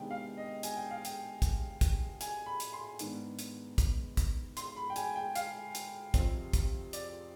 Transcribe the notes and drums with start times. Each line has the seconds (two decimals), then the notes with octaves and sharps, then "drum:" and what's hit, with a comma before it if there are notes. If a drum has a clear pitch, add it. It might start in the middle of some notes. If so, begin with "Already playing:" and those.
Already playing: C3 D#3 G#3 B3 D4 G5
0.11 F5
0.37 D#5
0.63 G#5, drum: hi-hat
0.77 G5
0.91 F5
1.05 G5, drum: hi-hat
1.42 drum: kick, hi-hat
1.81 drum: kick, hi-hat
2.21 G#5, drum: hi-hat
2.46 B5
2.60 drum: hi-hat
2.73 C6
2.99 G#2 D#3 B3 D4, drum: hi-hat
3.39 drum: hi-hat
3.78 drum: kick, hi-hat
4.17 drum: kick, hi-hat
4.57 C6, drum: hi-hat
4.76 B5
4.90 G5
4.96 G#5, drum: hi-hat
5.16 G5
5.35 F5, drum: hi-hat
5.75 drum: hi-hat
6.14 F2 C3 G3 C4, drum: kick, hi-hat
6.53 drum: kick, hi-hat
6.93 D5, drum: hi-hat